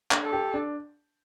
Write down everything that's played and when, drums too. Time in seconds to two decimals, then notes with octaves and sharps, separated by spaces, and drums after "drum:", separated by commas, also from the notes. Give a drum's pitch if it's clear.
0.11 D4, drum: clap
0.22 A4
0.33 G4
0.54 D4